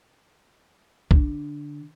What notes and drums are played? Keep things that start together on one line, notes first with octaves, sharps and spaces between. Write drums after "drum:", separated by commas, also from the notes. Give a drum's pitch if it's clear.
D3, drum: kick B1